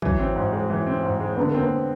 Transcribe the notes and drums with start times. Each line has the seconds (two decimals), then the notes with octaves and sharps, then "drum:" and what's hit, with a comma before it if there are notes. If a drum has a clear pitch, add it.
0.02 E3 F#3, drum: kick
0.19 C4
0.36 G#2
0.53 G#3
0.70 E3
0.87 C4
1.03 G#2
1.20 G#3
1.37 D3 B3
1.48 A#3
1.54 C4
1.60 B3